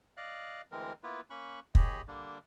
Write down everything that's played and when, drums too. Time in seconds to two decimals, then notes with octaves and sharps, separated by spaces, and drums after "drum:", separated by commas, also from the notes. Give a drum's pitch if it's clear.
0.17 D5 D#5 F5 F#6
0.72 D2 E3 G#3 C4 A#4
1.03 A#3 B3 E4 F4 B4
1.30 A#3 C#4 B5 C#6 F#6
1.75 D#2 G4 G#4 C#5 D#5 B5, drum: kick
2.08 D3 G3 A#3 D4